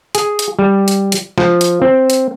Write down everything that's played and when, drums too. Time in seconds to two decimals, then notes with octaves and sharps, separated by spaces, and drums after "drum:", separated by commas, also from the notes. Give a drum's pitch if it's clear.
0.15 G#4, drum: hi-hat
0.39 drum: hi-hat
0.59 G3
0.88 drum: hi-hat
1.12 drum: hi-hat
1.38 F3, drum: snare
1.61 drum: hi-hat
1.82 C4
2.10 drum: hi-hat